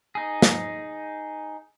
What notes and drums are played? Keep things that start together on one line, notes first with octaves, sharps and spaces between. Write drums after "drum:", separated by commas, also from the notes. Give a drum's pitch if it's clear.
D#4 G#4
drum: snare